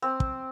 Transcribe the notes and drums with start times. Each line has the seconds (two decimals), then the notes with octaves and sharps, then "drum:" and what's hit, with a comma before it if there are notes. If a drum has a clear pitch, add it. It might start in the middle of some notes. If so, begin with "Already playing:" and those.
0.02 C4
0.20 drum: kick